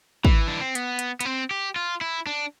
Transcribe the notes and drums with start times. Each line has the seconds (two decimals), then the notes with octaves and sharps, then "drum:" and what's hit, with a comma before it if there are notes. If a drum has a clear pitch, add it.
0.25 E3, drum: kick
0.48 D4
0.61 C4
0.75 B3, drum: hi-hat
0.99 drum: hi-hat
1.21 B3, drum: hi-hat
1.25 C4
1.51 G4
1.76 F4
2.01 E4
2.27 D4